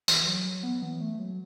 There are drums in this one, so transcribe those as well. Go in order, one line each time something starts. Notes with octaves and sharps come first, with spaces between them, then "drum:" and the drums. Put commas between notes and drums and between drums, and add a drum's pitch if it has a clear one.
E3, drum: tambourine
E3
F#3
F#3
B3
E3
A3
F#3